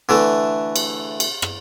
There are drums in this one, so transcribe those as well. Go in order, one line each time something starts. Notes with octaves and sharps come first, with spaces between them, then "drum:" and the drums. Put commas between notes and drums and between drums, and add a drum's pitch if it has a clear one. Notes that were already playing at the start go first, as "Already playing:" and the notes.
D3 E3 A3
drum: cymbal
drum: cymbal
drum: rim click